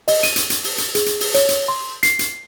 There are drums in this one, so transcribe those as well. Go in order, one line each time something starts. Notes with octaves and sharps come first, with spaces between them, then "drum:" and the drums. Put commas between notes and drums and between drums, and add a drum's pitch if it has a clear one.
D#5, drum: open hi-hat
D#7, drum: hi-hat
drum: hi-hat
drum: hi-hat
drum: open hi-hat
drum: hi-hat
G#4, drum: hi-hat
drum: hi-hat
drum: open hi-hat
C#5, drum: hi-hat
drum: hi-hat
C6
C7, drum: hi-hat
drum: hi-hat